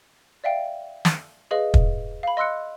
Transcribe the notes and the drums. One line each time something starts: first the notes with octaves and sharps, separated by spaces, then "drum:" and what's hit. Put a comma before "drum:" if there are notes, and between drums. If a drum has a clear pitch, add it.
D5 E5 F5 G5
drum: snare
G#4 B4 D#5 F5
drum: kick
F5 B5
D#5 C6 E6 F#6 C#7